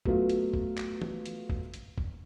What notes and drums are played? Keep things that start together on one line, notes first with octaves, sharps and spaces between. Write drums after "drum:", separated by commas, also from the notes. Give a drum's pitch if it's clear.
F#3 A3 B3 F4 F#4, drum: kick
drum: hi-hat
drum: kick
drum: clap
drum: tom
drum: hi-hat
drum: kick
drum: hi-hat
drum: kick